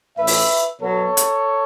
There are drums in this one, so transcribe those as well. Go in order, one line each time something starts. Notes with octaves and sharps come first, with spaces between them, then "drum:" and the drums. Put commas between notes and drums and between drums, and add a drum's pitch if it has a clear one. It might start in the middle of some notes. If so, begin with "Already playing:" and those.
A2 E3 C#4 B4 E5
drum: open hi-hat
B2 F#3 B3 A4 C#5
drum: hi-hat